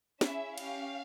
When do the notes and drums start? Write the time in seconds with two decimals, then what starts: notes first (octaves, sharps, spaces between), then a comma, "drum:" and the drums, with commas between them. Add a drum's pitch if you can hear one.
0.21 C#4 E4 G#4 E5, drum: snare
0.58 C#4 G4 F5, drum: cymbal